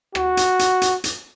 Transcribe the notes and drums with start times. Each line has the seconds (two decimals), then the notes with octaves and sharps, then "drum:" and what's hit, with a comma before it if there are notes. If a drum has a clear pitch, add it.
0.15 F#4, drum: rim click
0.37 drum: hi-hat
0.59 drum: hi-hat
0.82 drum: hi-hat
1.04 drum: hi-hat